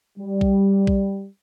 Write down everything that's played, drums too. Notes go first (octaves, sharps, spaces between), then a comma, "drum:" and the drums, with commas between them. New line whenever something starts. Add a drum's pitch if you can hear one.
G3
drum: kick A#1
drum: kick A#1